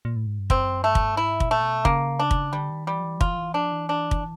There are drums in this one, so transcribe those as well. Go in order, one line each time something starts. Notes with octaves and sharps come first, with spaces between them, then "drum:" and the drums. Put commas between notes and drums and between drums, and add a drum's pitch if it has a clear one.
A#2
A2
G#2
G2
F#2 C4, drum: kick
G2 A3
drum: kick
G#2 E4
A#2, drum: kick
A3
B2
C#3 A#3, drum: kick
D4
drum: kick
D3 G3
D#3
E3 G3
F3
E3
F3
E3 F4, drum: kick
F3
E3
F3 D4
E3
D4
drum: kick